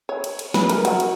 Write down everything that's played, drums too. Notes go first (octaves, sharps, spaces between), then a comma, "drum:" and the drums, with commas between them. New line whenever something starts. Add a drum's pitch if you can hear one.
C#5
drum: cymbal
drum: cymbal
B4, drum: snare
A#4, drum: cymbal
F#4, drum: cymbal
drum: cymbal